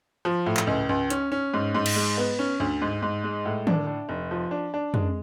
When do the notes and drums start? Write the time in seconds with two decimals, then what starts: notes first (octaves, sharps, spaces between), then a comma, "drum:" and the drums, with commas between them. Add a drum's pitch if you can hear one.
0.25 F3
0.46 A2
0.57 drum: clap
0.67 C#2
0.89 C#2
1.10 C#4, drum: hi-hat
1.32 C#4
1.54 G#2
1.75 G#2
1.86 drum: cymbal
1.96 G#3
2.18 B3
2.39 C#4
2.60 D2
2.82 G#2
3.02 G#2
3.24 G#3
3.45 A2
3.67 D4, drum: tom
3.87 D4
4.09 F1
4.31 F3
4.51 D4
4.74 D4
4.94 G#3, drum: tom